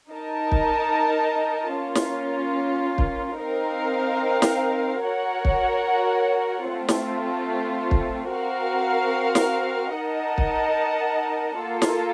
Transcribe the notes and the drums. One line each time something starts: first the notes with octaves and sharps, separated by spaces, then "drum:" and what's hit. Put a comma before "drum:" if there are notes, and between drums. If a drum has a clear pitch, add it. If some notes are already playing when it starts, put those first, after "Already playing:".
D#4 A#4 D#5 A5
drum: kick
A#3 C#4 F4
drum: snare
drum: kick
C4 D#4 A#4 F5
drum: snare
F#4 A#4 C#5 F#5
drum: kick
A3 C4 F4
drum: snare
drum: kick
C4 F#4 A#4 F5
drum: snare
D#4 A#4 D#5 F#5 A5
drum: kick
A#3 F4 A4
drum: snare